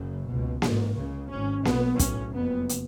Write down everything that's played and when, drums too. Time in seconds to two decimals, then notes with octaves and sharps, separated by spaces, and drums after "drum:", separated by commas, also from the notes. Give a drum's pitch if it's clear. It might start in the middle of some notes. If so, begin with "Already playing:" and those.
Already playing: F#1 F#2 C#3
0.26 C#2 B2
0.62 A1 G#2, drum: snare A#3
0.96 C#2 C#3
1.30 G#1 G#2 C#4
1.65 B1 B2 B3, drum: snare A#3
1.99 B1 A2 C#4, drum: kick, hi-hat
2.35 F#1 F2 C#3 B3
2.69 drum: hi-hat